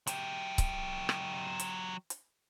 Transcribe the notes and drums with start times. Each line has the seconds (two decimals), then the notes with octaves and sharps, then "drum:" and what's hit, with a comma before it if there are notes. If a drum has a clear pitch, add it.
0.07 F#3 G4, drum: hi-hat
0.58 drum: kick C#1, hi-hat
1.09 drum: rim click
1.60 drum: hi-hat
2.10 drum: hi-hat